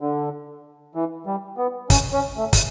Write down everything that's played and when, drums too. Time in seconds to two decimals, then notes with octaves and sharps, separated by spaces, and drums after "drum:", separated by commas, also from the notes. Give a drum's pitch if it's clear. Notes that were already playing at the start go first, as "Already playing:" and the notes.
0.01 D3
0.95 E3
1.26 G3
1.58 B3
1.90 C#4, drum: kick, hi-hat
2.13 C#4
2.38 A3
2.53 drum: kick, hi-hat